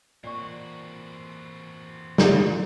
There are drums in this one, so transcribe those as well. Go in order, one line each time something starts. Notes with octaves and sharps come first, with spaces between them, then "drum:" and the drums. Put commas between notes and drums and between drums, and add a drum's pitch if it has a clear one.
A#2 E3 C4 F#4 D5 C#6
drum: snare